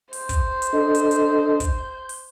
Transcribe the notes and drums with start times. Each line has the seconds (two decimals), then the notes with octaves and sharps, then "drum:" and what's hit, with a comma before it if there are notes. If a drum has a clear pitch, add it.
0.13 C5, drum: open hi-hat
0.29 drum: kick, hi-hat
0.62 drum: hi-hat
0.73 D4 A4 D#5
0.95 drum: hi-hat
1.11 drum: hi-hat
1.60 drum: kick, hi-hat
1.79 G6
2.09 drum: open hi-hat